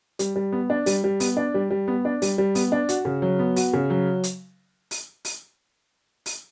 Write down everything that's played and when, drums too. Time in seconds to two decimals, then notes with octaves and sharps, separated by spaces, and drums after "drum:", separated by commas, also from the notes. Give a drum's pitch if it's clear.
0.19 G3, drum: hi-hat
0.36 G3
0.52 B3
0.70 D4
0.86 G3, drum: open hi-hat
1.04 G3
1.20 B3, drum: open hi-hat
1.37 D4
1.54 G3
1.70 G3
1.88 B3
2.05 D4
2.22 G3, drum: open hi-hat
2.38 G3
2.55 B3, drum: open hi-hat
2.72 D4
2.89 F#4, drum: hi-hat
3.05 C#3
3.22 F#3
3.39 B3
3.56 F#4, drum: open hi-hat
3.73 C#3
3.90 F#3
4.24 drum: hi-hat
4.91 drum: open hi-hat
5.25 drum: open hi-hat
6.26 drum: open hi-hat